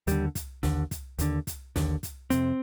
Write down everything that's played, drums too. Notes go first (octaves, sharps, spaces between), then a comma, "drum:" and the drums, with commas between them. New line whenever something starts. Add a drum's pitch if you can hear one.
D#2 D3 G3, drum: hi-hat
drum: kick, hi-hat
D#2 D3, drum: snare
drum: kick, hi-hat
D#2 D3, drum: hi-hat
drum: kick, hi-hat
D#2 D3, drum: snare
drum: kick, hi-hat
F2 C3 C4, drum: hi-hat